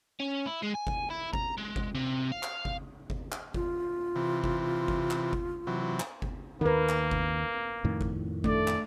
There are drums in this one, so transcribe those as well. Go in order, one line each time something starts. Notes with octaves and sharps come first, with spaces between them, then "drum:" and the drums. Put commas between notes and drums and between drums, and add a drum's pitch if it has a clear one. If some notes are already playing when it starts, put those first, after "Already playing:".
C#4
E4
G#3
G#5
drum: kick G1
E4
A#5, drum: kick G1
G#3
drum: kick G1
C3
F5
drum: clap
drum: kick G1
drum: kick G1
drum: clap
F4, drum: kick G1
C3 E3
drum: kick G1
drum: kick G1
drum: clap
drum: kick G1
C3 E3 F#3
drum: clap
drum: kick G1
D#2 D#3 A#3 A#4 B4
drum: clap
drum: kick G1
F2 A2 D#3
drum: kick G1
A3 D4 D5, drum: kick G1
drum: clap